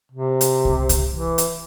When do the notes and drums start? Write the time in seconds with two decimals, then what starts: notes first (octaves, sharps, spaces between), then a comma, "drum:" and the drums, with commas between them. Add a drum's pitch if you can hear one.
0.12 C3
0.41 drum: hi-hat
0.65 drum: kick C2
0.89 drum: kick C2, hi-hat
1.14 E3
1.38 drum: hi-hat